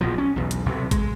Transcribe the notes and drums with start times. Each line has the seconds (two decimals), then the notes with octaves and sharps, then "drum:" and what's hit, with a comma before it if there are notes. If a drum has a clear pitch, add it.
0.01 A#1 B2 F3
0.18 C#4
0.36 B1 E2
0.51 drum: hi-hat
0.66 B1 C3
0.91 G#3, drum: kick G#1, hi-hat